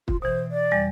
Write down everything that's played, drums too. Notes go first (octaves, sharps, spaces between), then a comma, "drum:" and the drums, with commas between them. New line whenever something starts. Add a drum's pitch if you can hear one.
F4, drum: kick
B2 E3 C5
D5
E2 G3 A#6